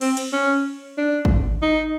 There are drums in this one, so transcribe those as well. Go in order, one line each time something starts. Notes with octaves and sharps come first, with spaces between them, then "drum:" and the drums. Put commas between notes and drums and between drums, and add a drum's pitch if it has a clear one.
C4, drum: cymbal
drum: cymbal
C#4
D4
drum: kick
D#4